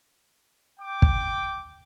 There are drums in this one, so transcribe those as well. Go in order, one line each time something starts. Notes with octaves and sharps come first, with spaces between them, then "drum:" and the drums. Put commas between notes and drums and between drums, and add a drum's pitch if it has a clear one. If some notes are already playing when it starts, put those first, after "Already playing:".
G5 D6
drum: kick